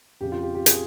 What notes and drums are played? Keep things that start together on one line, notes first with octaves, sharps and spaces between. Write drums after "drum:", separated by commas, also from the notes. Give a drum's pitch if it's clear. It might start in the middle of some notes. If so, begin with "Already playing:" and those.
F2 C#3 G4
F4
G4
G4
G#4, drum: hi-hat